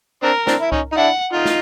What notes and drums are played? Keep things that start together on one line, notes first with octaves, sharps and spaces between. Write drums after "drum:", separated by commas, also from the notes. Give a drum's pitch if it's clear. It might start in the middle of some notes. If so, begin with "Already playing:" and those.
C4 D4 A#4
C4 D4, drum: snare
E4
C#4 D#4, drum: kick C2
D#4
D4 E4 F#5
D#4 F4
drum: snare